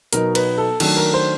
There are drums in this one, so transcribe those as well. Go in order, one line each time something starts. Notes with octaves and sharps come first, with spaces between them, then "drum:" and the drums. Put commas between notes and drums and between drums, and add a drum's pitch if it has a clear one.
B2 F#3 B3 D#4 A#4, drum: hi-hat
B4, drum: cymbal
A4
D#3 F#3 A3 D4 A4, drum: cymbal
A#4
C5